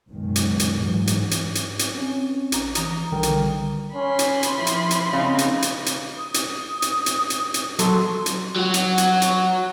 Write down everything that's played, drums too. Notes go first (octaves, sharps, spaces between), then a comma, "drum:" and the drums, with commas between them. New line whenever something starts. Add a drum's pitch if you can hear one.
C#2 F#2 B2 D#3
drum: hi-hat
drum: hi-hat
G#2 E3 F#3
drum: hi-hat
drum: hi-hat
drum: hi-hat
drum: hi-hat
C4 C#4
A1 A#5, drum: hi-hat
E3 A#5 D#6, drum: hi-hat
B1 D3 D#3 G3 A#4 G5
drum: hi-hat
C#4 B5 C6
drum: hi-hat
drum: hi-hat
F3 E4
drum: hi-hat
drum: hi-hat
C#3 C4 D#4
drum: hi-hat
drum: hi-hat
drum: hi-hat
D#6
drum: hi-hat
drum: hi-hat
drum: hi-hat
drum: hi-hat
drum: hi-hat
F#3 A4 C6, drum: hi-hat
drum: hi-hat
F#3 F#4
drum: hi-hat
drum: hi-hat
drum: hi-hat